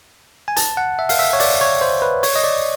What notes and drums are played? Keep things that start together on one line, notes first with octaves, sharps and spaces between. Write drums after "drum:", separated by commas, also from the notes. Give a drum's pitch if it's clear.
G#5
A5, drum: hi-hat
F#5
E5
F5, drum: open hi-hat
E5
C#5
D5, drum: open hi-hat
C#5
C5
B4
C#5, drum: open hi-hat
D#5
D5